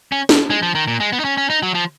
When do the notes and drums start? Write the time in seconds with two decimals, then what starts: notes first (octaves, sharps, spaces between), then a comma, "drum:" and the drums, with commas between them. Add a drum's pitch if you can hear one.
0.12 C#4
0.29 drum: snare
0.50 G#3
0.62 F3
0.75 D#3
0.88 A#2
1.00 G#3
1.13 B3
1.20 D#4
1.25 C#4
1.37 C#4
1.50 D#4
1.63 F#3
1.75 F3